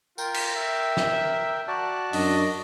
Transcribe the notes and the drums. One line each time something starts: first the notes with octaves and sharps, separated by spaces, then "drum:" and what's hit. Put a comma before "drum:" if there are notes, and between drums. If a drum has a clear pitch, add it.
F4 A#4 G5, drum: tambourine
drum: cymbal
E5
drum: snare
F#4 D5 A5
F#2 D4 D#5, drum: open hi-hat